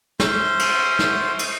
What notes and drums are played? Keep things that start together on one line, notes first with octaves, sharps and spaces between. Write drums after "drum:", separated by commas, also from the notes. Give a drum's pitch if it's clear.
C#4 C5 E5 C6, drum: snare
drum: cymbal
drum: snare
drum: cymbal